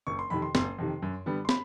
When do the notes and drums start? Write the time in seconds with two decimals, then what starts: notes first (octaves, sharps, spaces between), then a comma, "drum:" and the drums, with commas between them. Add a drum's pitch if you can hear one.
0.07 F#1 C#6
0.19 C6
0.30 F2 C3 D#3 B5
0.42 C6
0.55 F#1 C6, drum: snare
0.78 F2 C3 D#3
1.02 F#2
1.26 D3 G3 B3
1.45 C6
1.49 B5, drum: snare